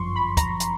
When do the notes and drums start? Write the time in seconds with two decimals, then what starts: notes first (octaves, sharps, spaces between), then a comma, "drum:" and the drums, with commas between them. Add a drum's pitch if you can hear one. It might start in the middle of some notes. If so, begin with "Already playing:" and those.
Already playing: G1 F#2 F3 C6 C#6
0.16 B5
0.37 A#5, drum: kick, hi-hat
0.60 drum: hi-hat